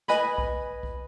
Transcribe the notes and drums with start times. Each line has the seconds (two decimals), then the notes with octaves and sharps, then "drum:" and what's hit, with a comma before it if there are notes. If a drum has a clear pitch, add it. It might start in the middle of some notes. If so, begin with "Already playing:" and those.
0.08 B4 D#5 G#5 B5, drum: snare
0.38 drum: kick B1
0.83 drum: kick B1